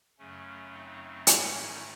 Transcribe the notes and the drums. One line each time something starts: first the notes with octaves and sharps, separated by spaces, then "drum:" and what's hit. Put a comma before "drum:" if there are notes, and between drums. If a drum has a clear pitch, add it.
F#2 C#3 F#3 A3 C#4
C4 D#4
G#2 D#3 A3 C#4 E4, drum: hi-hat